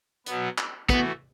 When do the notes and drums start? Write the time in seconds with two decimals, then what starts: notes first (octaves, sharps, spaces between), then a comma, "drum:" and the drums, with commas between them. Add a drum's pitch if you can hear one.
0.26 B2 F#3 B3, drum: hi-hat
0.58 drum: clap
0.89 E3 A3 B3 F#4, drum: kick, hi-hat